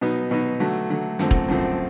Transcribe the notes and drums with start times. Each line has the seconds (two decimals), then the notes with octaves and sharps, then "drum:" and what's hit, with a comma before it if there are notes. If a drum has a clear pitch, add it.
0.01 B2 F#3 B3 D#4
0.31 B2 F#3 B3 D#4
0.60 D3 F#3 A3
0.90 D3 F#3 A3
1.19 F#2 D3 F3 A3 C4, drum: hi-hat
1.31 drum: kick E1
1.48 F#2 D3 F3 A3 C4